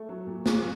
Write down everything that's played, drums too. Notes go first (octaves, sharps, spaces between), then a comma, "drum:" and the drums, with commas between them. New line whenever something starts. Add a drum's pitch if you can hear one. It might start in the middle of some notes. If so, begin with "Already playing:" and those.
Already playing: A3
F#3
A#2
A#2 G#4, drum: snare